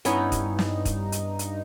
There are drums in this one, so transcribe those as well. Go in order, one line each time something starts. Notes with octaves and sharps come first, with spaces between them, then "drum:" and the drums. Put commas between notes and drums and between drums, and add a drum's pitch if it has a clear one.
G2 B3 C#4 D#4 E4, drum: hi-hat
drum: kick, hi-hat
drum: snare
drum: kick, hi-hat
drum: hi-hat
drum: hi-hat